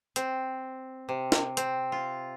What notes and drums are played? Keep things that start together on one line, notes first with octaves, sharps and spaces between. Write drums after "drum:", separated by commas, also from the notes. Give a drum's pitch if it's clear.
C4, drum: hi-hat
C3
drum: snare
C4, drum: hi-hat
F4